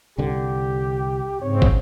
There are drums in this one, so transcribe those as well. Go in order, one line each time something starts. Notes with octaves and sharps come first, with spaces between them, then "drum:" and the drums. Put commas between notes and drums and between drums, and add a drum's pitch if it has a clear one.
C2 D3 G4
G#2 C#3 C4 C#5
drum: kick